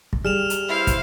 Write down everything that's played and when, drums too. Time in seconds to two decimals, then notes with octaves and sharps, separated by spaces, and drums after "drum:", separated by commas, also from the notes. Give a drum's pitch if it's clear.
0.13 drum: kick
0.25 G3 G#4 F6 E7 F7
0.50 drum: hi-hat
0.69 E4 B4 C5 F5
0.87 drum: kick, hi-hat